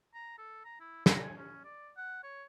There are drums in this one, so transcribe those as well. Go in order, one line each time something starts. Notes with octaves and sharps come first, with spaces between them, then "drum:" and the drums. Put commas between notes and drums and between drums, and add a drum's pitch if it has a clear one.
A#5
A4
A#5
E4
A#5, drum: snare
G#5
C#4
D5
F#5
C#5